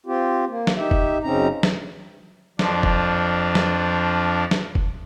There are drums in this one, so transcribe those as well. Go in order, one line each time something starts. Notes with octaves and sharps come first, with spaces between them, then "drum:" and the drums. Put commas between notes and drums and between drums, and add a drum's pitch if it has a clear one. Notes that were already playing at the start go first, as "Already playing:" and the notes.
C4 F4 G4
A#3
drum: snare
D#4 G4 E5
drum: kick F1
F#2 C#3 C4 C#4 D#4 A#5
drum: snare
F2 F3 D4, drum: snare
drum: kick F1
drum: snare
drum: snare
drum: kick F1